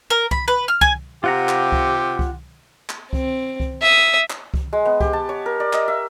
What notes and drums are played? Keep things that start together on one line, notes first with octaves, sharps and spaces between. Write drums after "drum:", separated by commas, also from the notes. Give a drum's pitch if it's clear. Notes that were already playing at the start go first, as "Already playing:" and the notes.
A#4
B5, drum: kick C2
B4
F6
G#5, drum: kick C2
C3 F4 G4 F#5 A#5
drum: clap
drum: kick C2
drum: kick C2
drum: clap
C4, drum: kick C2
drum: kick C2
E5 D#6
drum: clap
drum: kick C2
G#3
B3
G4, drum: kick C2
A5
C#5
A#4
D5
D#5, drum: clap
E5